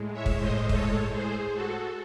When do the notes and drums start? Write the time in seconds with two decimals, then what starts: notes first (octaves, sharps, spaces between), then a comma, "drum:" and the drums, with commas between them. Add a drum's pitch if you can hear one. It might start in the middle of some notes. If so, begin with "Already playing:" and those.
Already playing: A2 G#3
0.13 C#5 E5
0.26 drum: kick
0.40 C5 D#5
0.69 A4 C#5, drum: kick
1.11 G#4 C5
1.54 F#4 A4